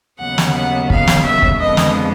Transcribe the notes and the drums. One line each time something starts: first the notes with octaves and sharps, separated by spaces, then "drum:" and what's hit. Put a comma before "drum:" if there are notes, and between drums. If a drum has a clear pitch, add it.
D#2 C#3 F#3 B3 F#5
drum: snare
F#5
F5, drum: kick
drum: snare
E5
drum: kick
F2 D3 F3 G#3 B3 D#5
drum: snare